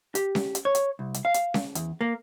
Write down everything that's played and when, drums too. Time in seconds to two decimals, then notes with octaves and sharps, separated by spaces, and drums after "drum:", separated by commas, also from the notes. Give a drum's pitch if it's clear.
0.15 G4, drum: hi-hat
0.35 drum: snare C#4
0.55 drum: hi-hat
0.65 C#5
0.75 drum: hi-hat
0.99 C2
1.14 drum: hi-hat
1.25 F5
1.34 drum: hi-hat
1.54 drum: snare C#4
1.75 E2, drum: hi-hat
2.01 A#3